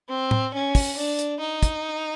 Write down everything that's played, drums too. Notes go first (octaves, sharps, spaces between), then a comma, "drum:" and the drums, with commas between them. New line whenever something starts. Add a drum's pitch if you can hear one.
C4
drum: tom A2
C#4
drum: kick, open hi-hat
D4
drum: hi-hat
D#4
drum: kick, hi-hat